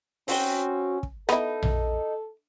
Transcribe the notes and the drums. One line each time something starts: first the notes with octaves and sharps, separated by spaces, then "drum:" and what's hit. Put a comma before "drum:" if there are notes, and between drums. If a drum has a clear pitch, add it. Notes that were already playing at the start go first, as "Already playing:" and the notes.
C4 C#4 F#4 G5, drum: open hi-hat
drum: kick
B3 D#4 E4 A4, drum: rim click
drum: tom A#1